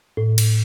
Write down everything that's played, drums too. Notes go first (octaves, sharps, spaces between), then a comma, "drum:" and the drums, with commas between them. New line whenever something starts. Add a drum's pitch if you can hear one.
A2
drum: cymbal